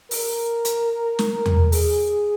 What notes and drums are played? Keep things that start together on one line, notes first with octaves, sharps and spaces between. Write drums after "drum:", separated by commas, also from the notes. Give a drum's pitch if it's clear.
A#4, drum: open hi-hat
drum: hi-hat
drum: snare
drum: tom E2
G#4, drum: open hi-hat